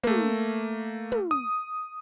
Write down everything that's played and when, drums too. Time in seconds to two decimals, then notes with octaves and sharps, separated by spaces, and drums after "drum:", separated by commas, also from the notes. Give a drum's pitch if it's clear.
0.03 A3 A#3, drum: tom
1.12 drum: tom
1.31 D#6